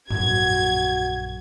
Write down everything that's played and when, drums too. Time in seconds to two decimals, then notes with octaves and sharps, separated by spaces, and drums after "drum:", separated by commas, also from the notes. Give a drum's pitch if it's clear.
0.10 A#1 F#2 F#4 G#6, drum: tom G#2